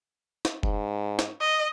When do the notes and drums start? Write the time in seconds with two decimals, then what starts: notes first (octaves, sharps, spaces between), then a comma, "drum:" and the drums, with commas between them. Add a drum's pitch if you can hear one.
0.45 drum: snare
0.63 G#2, drum: kick F1
1.19 drum: snare
1.41 D#5